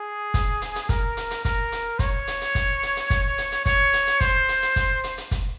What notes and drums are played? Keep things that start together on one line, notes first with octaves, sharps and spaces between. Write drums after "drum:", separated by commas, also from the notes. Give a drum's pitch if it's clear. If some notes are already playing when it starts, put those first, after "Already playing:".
Already playing: G#4
drum: kick, hi-hat
drum: hi-hat
drum: hi-hat
A#4, drum: kick, hi-hat
drum: hi-hat
drum: hi-hat
A#4, drum: kick, hi-hat
drum: hi-hat
C#5, drum: kick, hi-hat
drum: hi-hat
drum: hi-hat
drum: kick, hi-hat
drum: hi-hat
drum: hi-hat
drum: kick, hi-hat
drum: hi-hat
drum: hi-hat
C#5, drum: kick, hi-hat
drum: hi-hat
drum: hi-hat
C5, drum: kick, hi-hat
drum: hi-hat
drum: hi-hat
drum: kick, hi-hat
drum: hi-hat
drum: hi-hat
drum: kick, hi-hat